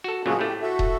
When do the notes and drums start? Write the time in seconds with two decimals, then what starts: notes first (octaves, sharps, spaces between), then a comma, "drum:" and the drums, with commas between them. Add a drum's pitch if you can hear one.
0.04 F#4 A4
0.26 A#2 C#3 F3 F#3 G#3 F#4
0.39 A2 A3 G4
0.62 F#4 A4 E5
0.79 drum: kick